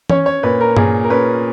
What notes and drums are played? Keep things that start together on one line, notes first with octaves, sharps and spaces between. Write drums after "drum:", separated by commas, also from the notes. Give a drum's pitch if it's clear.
C#4 C#5, drum: tom E3
C#5
A#2 B4
A#4
A#2 G#4, drum: tom G2
A#4
C#4 B4